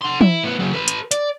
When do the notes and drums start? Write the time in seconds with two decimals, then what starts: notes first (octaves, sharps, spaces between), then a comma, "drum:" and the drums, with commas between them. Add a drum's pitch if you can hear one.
0.02 F#5 C6
0.21 E4, drum: tom
0.44 A2 B3
0.59 C#3 F#3
0.73 A4 B4
0.88 drum: hi-hat
1.11 D5, drum: hi-hat